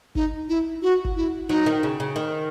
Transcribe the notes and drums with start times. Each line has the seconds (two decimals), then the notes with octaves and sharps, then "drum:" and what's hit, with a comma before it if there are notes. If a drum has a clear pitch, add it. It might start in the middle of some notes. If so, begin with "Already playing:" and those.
0.15 D#4, drum: kick G1
0.49 E4
0.83 F#4
1.05 drum: kick G1
1.16 E4
1.49 F#3 D#4
1.66 D#3
1.83 C#3
2.00 C#3
2.16 D#3